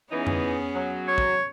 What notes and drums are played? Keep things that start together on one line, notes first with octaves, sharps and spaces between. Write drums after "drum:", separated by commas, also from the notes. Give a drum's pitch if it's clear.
E3 B3 C#4 D#4 G#4
drum: tom F2
F#3
C#5
drum: kick